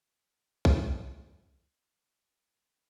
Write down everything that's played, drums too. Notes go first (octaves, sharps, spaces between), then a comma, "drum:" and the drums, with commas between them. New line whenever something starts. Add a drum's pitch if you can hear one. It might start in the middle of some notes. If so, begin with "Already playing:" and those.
drum: kick
C3
F2 F4
F4 F#4
A#4 B4